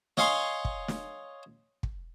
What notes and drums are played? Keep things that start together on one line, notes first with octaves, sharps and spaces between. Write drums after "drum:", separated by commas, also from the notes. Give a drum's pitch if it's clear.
C#5 D#5 F5 G#5 C6 C#6, drum: snare
drum: kick
drum: snare
drum: kick